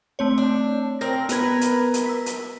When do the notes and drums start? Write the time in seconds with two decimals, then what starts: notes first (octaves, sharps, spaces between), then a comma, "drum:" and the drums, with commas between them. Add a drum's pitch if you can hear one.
0.19 A3 C4 C#5
0.38 D4
1.01 C4 A#4 F6 A#6
1.29 B3 A#4 B4 G#6, drum: hi-hat
1.61 drum: hi-hat
1.94 drum: hi-hat
2.06 E6 B6
2.26 drum: hi-hat